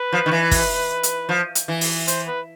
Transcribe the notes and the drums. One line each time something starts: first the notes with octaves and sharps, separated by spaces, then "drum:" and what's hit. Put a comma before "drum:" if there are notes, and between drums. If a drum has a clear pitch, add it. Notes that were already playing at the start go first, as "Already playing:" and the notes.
Already playing: B4
F3
D#3
E3
drum: kick, open hi-hat
drum: hi-hat
F3
drum: hi-hat
E3
drum: open hi-hat
C5, drum: hi-hat
B4